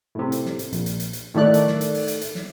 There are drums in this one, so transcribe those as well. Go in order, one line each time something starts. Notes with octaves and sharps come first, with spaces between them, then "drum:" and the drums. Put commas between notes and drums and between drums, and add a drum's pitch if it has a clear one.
A2 C3
drum: hi-hat
drum: snare
drum: hi-hat
A#1, drum: hi-hat
drum: hi-hat
drum: hi-hat
drum: hi-hat
A2 D#3 A3 D5 F#6
drum: hi-hat
drum: snare
drum: hi-hat
drum: open hi-hat
drum: hi-hat
drum: hi-hat
drum: snare